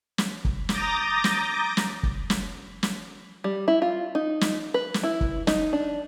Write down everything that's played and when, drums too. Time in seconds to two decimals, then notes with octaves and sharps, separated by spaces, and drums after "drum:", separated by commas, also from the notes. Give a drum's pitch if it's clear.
0.18 drum: snare
0.45 drum: kick
0.69 A#5 D6 D#6 G6 A6 A#6, drum: snare
1.24 drum: snare
1.77 drum: snare
2.03 drum: kick
2.30 drum: snare
2.83 drum: snare
3.44 G3
3.68 E4
3.82 F4
4.15 D#4
4.41 drum: snare
4.74 B4
4.94 drum: snare
5.03 E4
5.21 drum: kick
5.47 D#4, drum: snare
5.73 D4